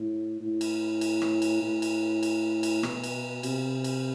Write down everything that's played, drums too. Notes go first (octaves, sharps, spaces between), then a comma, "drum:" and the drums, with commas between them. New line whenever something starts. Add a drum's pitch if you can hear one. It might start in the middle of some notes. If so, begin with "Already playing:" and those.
Already playing: A2
A2
drum: cymbal
drum: cymbal
drum: rim click
drum: cymbal
A2
drum: cymbal
drum: cymbal
drum: cymbal
B2, drum: rim click
drum: cymbal
C3, drum: cymbal
drum: cymbal